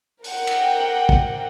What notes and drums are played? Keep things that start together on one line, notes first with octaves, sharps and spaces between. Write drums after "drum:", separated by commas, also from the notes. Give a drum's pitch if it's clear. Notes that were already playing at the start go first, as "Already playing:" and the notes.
A#4 F#5 G5, drum: open hi-hat
drum: cymbal
drum: kick